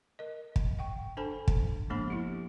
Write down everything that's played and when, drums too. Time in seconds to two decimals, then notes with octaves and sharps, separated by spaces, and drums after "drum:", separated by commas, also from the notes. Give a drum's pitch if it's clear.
0.19 A#4 D#5
0.56 drum: kick
0.79 F#5 G5 C#6
1.17 D4 A4 C5 G#5 B5
1.48 drum: kick
1.90 F3 G#3 A#3 B3 D4 B5
2.10 E4 G4